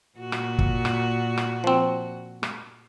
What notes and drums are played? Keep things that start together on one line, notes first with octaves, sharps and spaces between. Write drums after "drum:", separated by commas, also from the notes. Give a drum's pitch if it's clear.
A#2 F#4
drum: rim click
drum: kick
drum: rim click
drum: rim click
F3 C4
drum: rim click